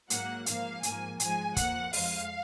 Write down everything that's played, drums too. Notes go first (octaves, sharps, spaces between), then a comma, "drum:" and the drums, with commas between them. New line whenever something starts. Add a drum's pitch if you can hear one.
G#2 F#3 A#3 F#5, drum: hi-hat
G#2 F3 A#3 F5, drum: hi-hat
G#2 F3 A#3 G#5, drum: hi-hat
G#2 F3 G#3 G#5, drum: hi-hat
F2 F3 A#3 F#5, drum: kick, hi-hat
F2 F3 G#3 F5, drum: open hi-hat